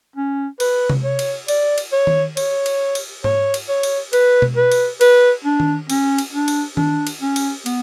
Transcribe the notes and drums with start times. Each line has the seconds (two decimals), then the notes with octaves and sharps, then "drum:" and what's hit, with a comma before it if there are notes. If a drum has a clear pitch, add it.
0.16 C#4
0.60 B4, drum: cymbal
0.90 drum: tom C3
1.04 C#5
1.19 drum: cymbal
1.48 D5, drum: cymbal
1.78 drum: cymbal
1.92 C#5
2.07 drum: tom D#3
2.37 C#5, drum: cymbal
2.66 drum: cymbal
2.95 drum: cymbal
3.24 C#5, drum: tom G#2
3.54 drum: cymbal
3.69 C#5
3.83 drum: cymbal
4.13 B4, drum: cymbal
4.42 drum: tom B2
4.57 B4
4.72 drum: cymbal
5.01 B4, drum: cymbal
5.44 D4
5.60 drum: tom D#3
5.90 C#4, drum: cymbal
6.18 drum: cymbal
6.33 D4
6.48 drum: cymbal
6.77 D4, drum: tom D#3
7.07 drum: cymbal
7.21 C#4
7.36 drum: cymbal
7.66 B3, drum: cymbal